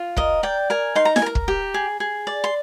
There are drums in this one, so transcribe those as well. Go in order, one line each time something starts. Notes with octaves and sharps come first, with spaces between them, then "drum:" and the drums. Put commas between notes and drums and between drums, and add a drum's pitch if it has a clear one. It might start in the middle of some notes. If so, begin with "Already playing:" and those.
Already playing: F4
A#4 D#5, drum: kick
D5 G5
A#4 G#5
D#4 C6
A#5
G#5, drum: snare E4
A#4 A#5
drum: kick
G4
G#4
G#4
D5
C6